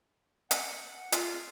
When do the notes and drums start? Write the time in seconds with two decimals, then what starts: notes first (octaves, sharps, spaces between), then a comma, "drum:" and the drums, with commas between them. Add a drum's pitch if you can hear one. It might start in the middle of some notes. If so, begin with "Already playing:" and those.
0.51 F#5, drum: hi-hat
1.12 F4, drum: hi-hat